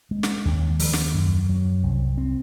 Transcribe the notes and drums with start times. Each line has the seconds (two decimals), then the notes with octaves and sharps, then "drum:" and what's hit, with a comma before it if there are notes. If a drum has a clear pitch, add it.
0.11 G#3
0.23 drum: snare
0.45 D#2
0.79 F3, drum: open hi-hat
0.93 drum: snare
1.14 F#2
1.49 F#3
1.83 C2
2.18 C4